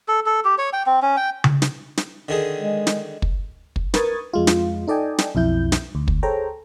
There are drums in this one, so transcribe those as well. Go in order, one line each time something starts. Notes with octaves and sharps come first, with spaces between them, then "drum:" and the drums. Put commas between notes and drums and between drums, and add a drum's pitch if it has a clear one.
A4
A4
G4
C#5
G5
C4
C#4
G5
drum: tom C#3
drum: snare
drum: snare
D3 D#3 G#4
G#3
drum: snare
drum: kick
drum: kick
A#4 B4 C#6 D#6 G#6 A6, drum: snare
F2 G#3 F4
drum: snare
D#4 A4 D5 D#5 G5 G#5
drum: snare
B1 F2 E4 G6
drum: snare
D2
drum: kick
G#4 A4 C5 C#5 G5 A#5